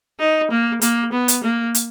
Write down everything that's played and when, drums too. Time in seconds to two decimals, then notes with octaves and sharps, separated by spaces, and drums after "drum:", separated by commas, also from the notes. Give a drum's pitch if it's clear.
0.19 D#4
0.51 A#3
0.81 A#3, drum: hi-hat
1.12 B3
1.28 drum: hi-hat
1.44 A#3
1.75 drum: hi-hat